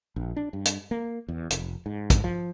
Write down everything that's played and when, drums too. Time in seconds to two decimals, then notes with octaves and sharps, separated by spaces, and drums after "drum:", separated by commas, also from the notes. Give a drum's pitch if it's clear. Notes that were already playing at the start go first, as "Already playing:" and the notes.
0.16 A#1
0.36 D4
0.53 G2
0.65 drum: hi-hat
0.91 A#3
1.28 E2
1.50 F1, drum: hi-hat
1.86 G#2
2.10 drum: kick, hi-hat
2.24 F3